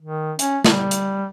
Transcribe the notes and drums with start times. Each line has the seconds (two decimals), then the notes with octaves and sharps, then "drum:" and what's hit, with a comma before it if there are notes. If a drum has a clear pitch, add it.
0.02 D#3
0.39 C#4, drum: hi-hat
0.65 G3, drum: snare
0.91 drum: hi-hat